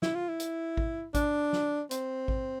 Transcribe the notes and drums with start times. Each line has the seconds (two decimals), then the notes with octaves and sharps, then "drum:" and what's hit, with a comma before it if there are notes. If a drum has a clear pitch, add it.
0.02 E4, drum: snare
0.15 F4
0.29 E4
0.40 drum: hi-hat
0.77 drum: kick A1
1.15 D4, drum: kick A1, hi-hat
1.53 drum: snare
1.91 C4, drum: hi-hat
2.28 drum: kick A1